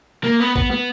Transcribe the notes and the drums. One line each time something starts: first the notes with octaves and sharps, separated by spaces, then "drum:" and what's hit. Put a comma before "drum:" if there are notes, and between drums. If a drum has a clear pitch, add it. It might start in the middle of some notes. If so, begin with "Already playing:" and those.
A#3
B3
B3, drum: kick
B3